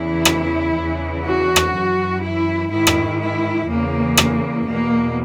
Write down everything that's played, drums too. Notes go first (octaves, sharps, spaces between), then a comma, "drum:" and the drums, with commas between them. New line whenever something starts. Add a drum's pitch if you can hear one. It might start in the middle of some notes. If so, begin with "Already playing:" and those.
Already playing: E2 C#3 E3 E4
drum: rim click
E2 C#3 E3
F#4
drum: rim click
F#2 E3
E4
G#2 D#3 E4
drum: rim click
E4
E2 C#3 E3 A#3
drum: rim click
E2 B2 A#3